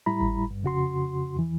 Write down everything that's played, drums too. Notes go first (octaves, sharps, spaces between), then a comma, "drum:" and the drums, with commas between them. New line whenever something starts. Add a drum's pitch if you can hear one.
A2 G3 E4 A#5 B5
drum: kick G#1
G2
F2 C#3 F#4 C6
E2 E3